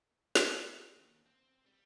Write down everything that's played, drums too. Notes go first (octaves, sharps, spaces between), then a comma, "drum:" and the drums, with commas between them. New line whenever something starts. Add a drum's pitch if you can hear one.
drum: snare
D#4 G4
D#2
C4
G3